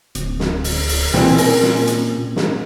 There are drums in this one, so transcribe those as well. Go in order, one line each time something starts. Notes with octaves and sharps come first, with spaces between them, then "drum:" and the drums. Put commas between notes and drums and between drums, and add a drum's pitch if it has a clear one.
D1, drum: hi-hat
drum: snare
drum: open hi-hat
drum: open hi-hat
E2 A#2 E3 C4, drum: snare
C#4 A#4, drum: open hi-hat
drum: snare
drum: hi-hat
G#2, drum: snare